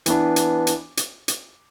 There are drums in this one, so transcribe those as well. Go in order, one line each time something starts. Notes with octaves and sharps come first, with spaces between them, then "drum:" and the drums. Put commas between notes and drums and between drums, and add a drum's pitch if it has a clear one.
E3 B3 D4, drum: hi-hat
drum: hi-hat
drum: hi-hat
drum: hi-hat
drum: hi-hat